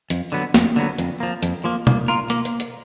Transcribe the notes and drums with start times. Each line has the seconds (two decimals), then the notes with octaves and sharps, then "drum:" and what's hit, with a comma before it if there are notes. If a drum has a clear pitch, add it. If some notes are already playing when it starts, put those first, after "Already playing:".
0.10 F2, drum: hi-hat
0.32 D3 F#3 B3
0.54 F2, drum: snare
0.76 D3 F#3 B3
0.98 F2, drum: hi-hat
1.20 F3 A#3
1.42 F2, drum: hi-hat
1.64 F3 A#3
1.87 A#3, drum: tom B2
2.08 F4 A#4
2.30 A#3, drum: hi-hat
2.45 drum: hi-hat
2.60 drum: hi-hat